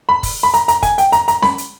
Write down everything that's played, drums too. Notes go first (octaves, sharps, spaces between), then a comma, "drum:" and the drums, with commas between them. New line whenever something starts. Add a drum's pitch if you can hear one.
B5
drum: kick, open hi-hat
B5
A#5, drum: hi-hat
A#5, drum: hi-hat
G#5, drum: kick, hi-hat
G5, drum: hi-hat
A#5, drum: hi-hat
A#5, drum: hi-hat
B5, drum: snare C#4
drum: hi-hat